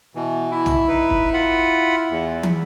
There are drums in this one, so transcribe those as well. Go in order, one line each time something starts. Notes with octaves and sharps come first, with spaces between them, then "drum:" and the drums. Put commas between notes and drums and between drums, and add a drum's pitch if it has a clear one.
B2 E3
E4
drum: tom
D#4 B4
drum: kick
F4 F#5 B5
E2
drum: tom